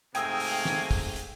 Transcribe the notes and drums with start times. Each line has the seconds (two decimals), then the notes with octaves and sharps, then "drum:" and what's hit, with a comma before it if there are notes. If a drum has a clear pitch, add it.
0.15 G#2 C3 A3 A#3 G5 G#5 D#6 E6, drum: hi-hat
0.40 drum: open hi-hat
0.65 drum: snare
0.91 drum: kick, open hi-hat
1.16 drum: hi-hat